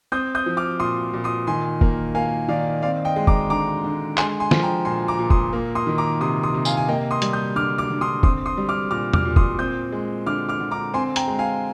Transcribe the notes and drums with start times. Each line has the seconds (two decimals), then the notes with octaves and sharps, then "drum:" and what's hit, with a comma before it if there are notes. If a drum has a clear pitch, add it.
0.12 C4 D#6 G6
0.35 D#6 G6
0.46 F3
0.57 D6 F6
0.80 A#2 C6 D#6
1.13 A#2
1.24 C6 D#6
1.47 D#3 G#5 C6
1.81 A#3, drum: kick F1
2.15 A#3 F5 G#5
2.48 D#3 D5 F5
2.82 C4 D5 F5
3.05 D#5 G5
3.16 G#3
3.27 A#5 D6, drum: kick F1
3.50 D3 A#5 D6
3.84 D3
4.18 G#3 G#5 C6, drum: clap
4.40 G#5 C6
4.51 F3, drum: snare
4.63 G5 A#5
4.85 A#2 G#5 C6
5.08 A#5 D6
5.19 A#2
5.30 C6 D#6, drum: kick F1
5.53 A#3
5.75 C6 D#6
5.87 D#3
5.98 A#5 D6
6.21 C3 C6 D#6
6.43 C6 D#6
6.54 C3
6.65 F5 G#5, drum: tambourine
6.77 G#5
6.88 A#3 D#5 G5
7.11 C6 D#6
7.22 G3, drum: hi-hat
7.33 D#6 G6
7.56 D3 D6 F6
7.78 D6 F6
7.90 D3
8.01 C6 D#6
8.23 C4 C6 D#6, drum: kick F1
8.46 C6 D#6
8.57 G3
8.69 D6 F6
8.91 A#2 D6 F6
9.13 D6 F6, drum: tom E2
9.25 A#2
9.36 C6 D#6, drum: kick F1
9.59 C4 D#6 G6
9.92 G#3
10.26 D3 D6 F6
10.49 D6 F6
10.60 D3
10.71 A#5 D6
10.94 C4 G#5 C6
11.16 G5 A#5, drum: hi-hat
11.28 G#3
11.39 F5 G#5